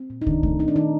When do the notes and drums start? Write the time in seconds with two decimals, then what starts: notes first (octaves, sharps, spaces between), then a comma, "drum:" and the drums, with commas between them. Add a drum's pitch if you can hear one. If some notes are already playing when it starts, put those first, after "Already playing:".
Already playing: C4
0.10 A#2
0.22 D#4
0.27 D#3 D4, drum: kick
0.43 A3, drum: kick
0.59 C4 D#4
0.68 D4
0.76 D#3 D#4